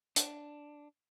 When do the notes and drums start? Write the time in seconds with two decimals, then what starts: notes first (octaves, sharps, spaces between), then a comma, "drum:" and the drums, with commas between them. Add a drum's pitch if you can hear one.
0.16 D4, drum: hi-hat